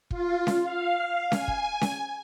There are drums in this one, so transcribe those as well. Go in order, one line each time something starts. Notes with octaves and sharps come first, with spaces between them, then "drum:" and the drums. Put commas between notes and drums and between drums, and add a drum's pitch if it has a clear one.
F4, drum: kick
drum: snare C#4
F5
G#5, drum: snare C#4
drum: kick
drum: snare C#4